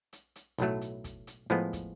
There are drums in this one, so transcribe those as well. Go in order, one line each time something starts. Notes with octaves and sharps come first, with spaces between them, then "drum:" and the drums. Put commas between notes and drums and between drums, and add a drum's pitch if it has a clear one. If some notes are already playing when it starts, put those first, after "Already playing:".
drum: hi-hat
drum: hi-hat
B1 A2 F#3 A3, drum: hi-hat
drum: hi-hat
drum: kick, hi-hat
drum: hi-hat
A2 F3 G#3 B3
drum: kick, hi-hat